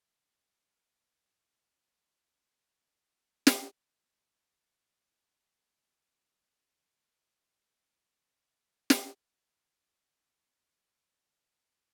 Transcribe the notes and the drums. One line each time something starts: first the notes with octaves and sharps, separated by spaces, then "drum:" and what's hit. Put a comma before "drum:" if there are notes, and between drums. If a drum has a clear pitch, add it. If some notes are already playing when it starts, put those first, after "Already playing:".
Already playing: G#3
F#3
E3
E3
D3
drum: snare
F#2
F#2
F#2
E2
F#2
E2
drum: snare
F#2
C#3
D3